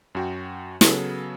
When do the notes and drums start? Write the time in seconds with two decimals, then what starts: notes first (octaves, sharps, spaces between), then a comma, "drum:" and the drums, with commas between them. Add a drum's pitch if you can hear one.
0.15 F#2 F#4 G5
0.81 C#3 F#3 B3 G#4 A4, drum: snare